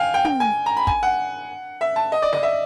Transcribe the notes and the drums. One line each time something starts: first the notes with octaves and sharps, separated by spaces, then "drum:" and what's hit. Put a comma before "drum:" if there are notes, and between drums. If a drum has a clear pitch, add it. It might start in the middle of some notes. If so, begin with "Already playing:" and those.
Already playing: F5 G5 G#5
G5
G5, drum: tom
G#5
A#5
B5
G#5, drum: kick
F#5
E5
A5
D#5
D5
D#5, drum: snare
E5